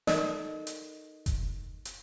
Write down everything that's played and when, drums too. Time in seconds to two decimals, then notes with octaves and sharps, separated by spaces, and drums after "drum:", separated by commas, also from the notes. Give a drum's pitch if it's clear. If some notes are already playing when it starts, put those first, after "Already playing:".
0.07 D#4 A4 A#4 D5 D#5, drum: snare
0.67 drum: hi-hat
1.26 drum: kick F1, hi-hat
1.85 drum: hi-hat